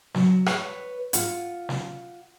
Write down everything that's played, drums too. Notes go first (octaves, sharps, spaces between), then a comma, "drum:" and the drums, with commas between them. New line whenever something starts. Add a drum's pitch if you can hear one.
F#3, drum: snare
B4 C#5, drum: rim click
F4 F#5, drum: hi-hat
drum: snare